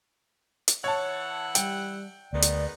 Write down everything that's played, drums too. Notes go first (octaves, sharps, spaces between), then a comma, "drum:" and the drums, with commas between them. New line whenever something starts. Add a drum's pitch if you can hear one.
drum: hi-hat
E3 C#5 E5 F#5 A5
G3 G5, drum: hi-hat
D2 D#3 G#3 B3 D5
drum: hi-hat